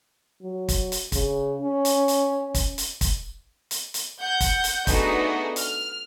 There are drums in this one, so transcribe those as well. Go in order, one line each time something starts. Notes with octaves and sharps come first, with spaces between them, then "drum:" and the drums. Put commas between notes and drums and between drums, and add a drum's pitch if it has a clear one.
F#3
drum: kick, hi-hat
drum: hi-hat
C#3, drum: kick, hi-hat
C#4
drum: hi-hat
drum: hi-hat
drum: kick, hi-hat
drum: hi-hat
drum: kick, hi-hat
drum: hi-hat
drum: hi-hat
F#5 G6
drum: kick, hi-hat
drum: hi-hat
A3 B3 D4 D#4 F#4 G#4, drum: kick, hi-hat
F6, drum: hi-hat